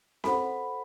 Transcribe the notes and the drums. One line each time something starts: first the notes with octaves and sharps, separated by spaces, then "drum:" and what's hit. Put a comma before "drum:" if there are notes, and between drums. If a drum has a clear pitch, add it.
F#4 A4 C5 F#5 B5, drum: snare C4